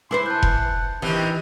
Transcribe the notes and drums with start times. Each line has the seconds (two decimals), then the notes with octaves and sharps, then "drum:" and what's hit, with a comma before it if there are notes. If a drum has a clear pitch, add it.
0.11 E4 B4 C5 G#5 C6 D6 E6
0.26 F#5 A5 G6
0.43 drum: kick F1
1.02 C3 D#3 E3 D4